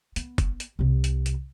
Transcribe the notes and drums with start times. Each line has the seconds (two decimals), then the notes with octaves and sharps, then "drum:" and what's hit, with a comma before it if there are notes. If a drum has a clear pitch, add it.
0.16 B3, drum: hi-hat
0.38 drum: kick, hi-hat
0.60 drum: hi-hat
0.79 C2 C3
1.04 drum: hi-hat
1.26 drum: hi-hat